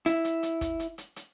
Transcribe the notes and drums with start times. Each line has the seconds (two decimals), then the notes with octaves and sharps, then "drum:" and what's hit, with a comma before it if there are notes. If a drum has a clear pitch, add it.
0.06 E4, drum: hi-hat
0.24 drum: hi-hat
0.43 drum: hi-hat
0.61 drum: kick, hi-hat
0.80 drum: hi-hat
0.98 drum: hi-hat
1.16 drum: hi-hat